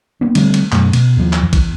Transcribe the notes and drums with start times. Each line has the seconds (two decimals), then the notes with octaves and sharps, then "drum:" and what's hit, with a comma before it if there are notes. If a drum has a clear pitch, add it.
0.21 A#3 B3 D4
0.35 D3 G3 A3 C4, drum: cymbal
0.54 drum: cymbal
0.72 F#2 B2 A3, drum: clap
0.93 B2, drum: cymbal
1.17 D#2 F3
1.33 drum: clap
1.43 E2
1.53 drum: kick A#1, cymbal